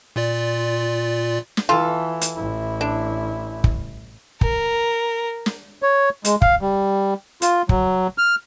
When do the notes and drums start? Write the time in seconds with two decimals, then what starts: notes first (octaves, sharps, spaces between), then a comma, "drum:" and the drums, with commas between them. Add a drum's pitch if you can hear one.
0.16 A#2 F4 D5
1.57 drum: snare
1.69 E3 F4 A4
2.21 drum: hi-hat
2.35 A1 E4
2.81 D4
3.64 drum: kick
4.41 A#4, drum: kick
5.46 drum: snare
5.83 C#5
6.25 G#3, drum: hi-hat
6.42 F5, drum: kick
6.61 G3
7.42 F4, drum: hi-hat
7.69 F#3, drum: kick
8.18 F6